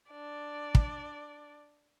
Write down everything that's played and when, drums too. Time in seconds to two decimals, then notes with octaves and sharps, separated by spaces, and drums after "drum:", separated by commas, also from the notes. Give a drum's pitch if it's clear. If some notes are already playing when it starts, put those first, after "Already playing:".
0.10 D4 D5
0.75 drum: kick